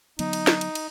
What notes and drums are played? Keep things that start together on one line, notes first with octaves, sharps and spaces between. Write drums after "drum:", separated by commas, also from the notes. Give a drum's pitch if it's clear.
D3 F#3 B3 D#4, drum: cymbal
drum: cymbal
drum: snare
drum: cymbal
drum: cymbal